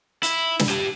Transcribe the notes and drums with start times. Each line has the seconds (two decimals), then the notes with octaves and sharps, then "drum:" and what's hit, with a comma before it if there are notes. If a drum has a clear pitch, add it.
0.23 E4, drum: hi-hat
0.59 drum: snare
0.69 G4 A5